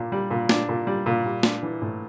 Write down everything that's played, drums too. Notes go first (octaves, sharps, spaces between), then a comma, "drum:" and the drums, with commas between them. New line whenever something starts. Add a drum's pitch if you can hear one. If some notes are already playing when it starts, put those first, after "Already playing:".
Already playing: A#2 D4
G3
A#2
D4, drum: snare
A#2
G3
A#2
G3
D4, drum: snare
E3
A2